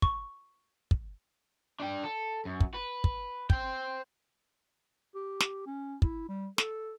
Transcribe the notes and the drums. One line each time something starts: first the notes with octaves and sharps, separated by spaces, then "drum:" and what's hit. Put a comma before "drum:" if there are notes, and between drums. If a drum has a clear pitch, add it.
C#6, drum: kick
drum: kick
D4 G5
A4
F#2
drum: kick
B4
drum: kick
C5 G5, drum: kick
G4
drum: snare
C#4
E4, drum: kick
G3
A4, drum: snare